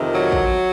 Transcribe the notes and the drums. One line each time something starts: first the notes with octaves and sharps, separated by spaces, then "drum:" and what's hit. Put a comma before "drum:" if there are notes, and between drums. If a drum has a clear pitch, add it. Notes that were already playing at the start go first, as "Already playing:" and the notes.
Already playing: F2 C3 D#3
F#3
drum: kick